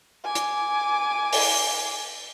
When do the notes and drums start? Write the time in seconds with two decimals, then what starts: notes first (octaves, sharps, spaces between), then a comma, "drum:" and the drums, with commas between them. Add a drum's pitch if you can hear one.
0.25 G#5 D6
0.35 drum: hi-hat
1.33 drum: open hi-hat